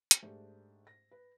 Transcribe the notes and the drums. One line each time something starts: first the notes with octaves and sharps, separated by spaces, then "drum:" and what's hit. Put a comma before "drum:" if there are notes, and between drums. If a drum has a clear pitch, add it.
drum: hi-hat
G#2 A3 D4 G4 G#4
A#6
B4